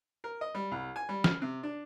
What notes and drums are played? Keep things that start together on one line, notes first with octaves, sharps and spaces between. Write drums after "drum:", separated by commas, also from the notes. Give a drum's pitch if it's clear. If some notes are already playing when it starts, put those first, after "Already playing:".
A#4
D#5
G3
C2
G#5
G3
F6, drum: snare
C3
D4